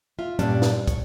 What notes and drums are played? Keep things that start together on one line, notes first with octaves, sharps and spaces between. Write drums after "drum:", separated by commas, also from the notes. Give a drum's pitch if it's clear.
F4 E5
G2 A#2 G3 C#4 D4, drum: hi-hat
drum: snare
C#5, drum: kick, hi-hat